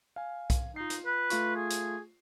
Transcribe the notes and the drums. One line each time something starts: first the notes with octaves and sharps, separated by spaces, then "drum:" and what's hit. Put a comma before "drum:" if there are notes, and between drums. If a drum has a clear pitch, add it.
F5 G#5
drum: kick B1, hi-hat
D#4 F4 C7
drum: hi-hat
B4
A3 F4 C#6, drum: hi-hat
G#4
drum: hi-hat